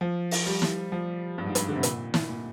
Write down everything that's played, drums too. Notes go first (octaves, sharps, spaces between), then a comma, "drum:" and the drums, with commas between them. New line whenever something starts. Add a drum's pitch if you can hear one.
F3
drum: open hi-hat
G3
drum: snare
F3
G2
G#2
G2, drum: hi-hat
D3
C3
A#2, drum: hi-hat
drum: snare
A#2